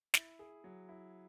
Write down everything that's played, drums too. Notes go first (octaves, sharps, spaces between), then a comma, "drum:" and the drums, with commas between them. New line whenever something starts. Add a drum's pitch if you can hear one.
E4, drum: snare
G#4
F#3
E4